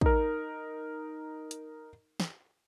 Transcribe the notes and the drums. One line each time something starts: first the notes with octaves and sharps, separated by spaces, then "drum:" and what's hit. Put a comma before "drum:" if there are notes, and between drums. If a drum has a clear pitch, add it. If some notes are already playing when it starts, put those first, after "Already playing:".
D#4 A#4, drum: kick
drum: hi-hat
drum: snare